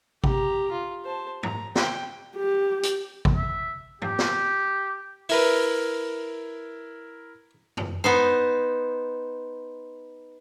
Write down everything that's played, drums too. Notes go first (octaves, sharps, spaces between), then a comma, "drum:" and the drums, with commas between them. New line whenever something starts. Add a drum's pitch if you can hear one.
G4 A#5, drum: kick
F4
C5 A5
A#5, drum: tom
G5, drum: snare
G4
drum: hi-hat
drum: kick
E5
G4, drum: tom
drum: snare
E4 A#4 B4 E5, drum: open hi-hat
drum: tom F2
B3 D#4 C5